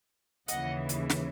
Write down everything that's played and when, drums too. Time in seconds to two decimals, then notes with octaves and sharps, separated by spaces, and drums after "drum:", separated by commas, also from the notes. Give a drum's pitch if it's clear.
0.48 D#2 C#3 E3 D#5 F#5, drum: hi-hat
0.89 drum: hi-hat
1.10 drum: snare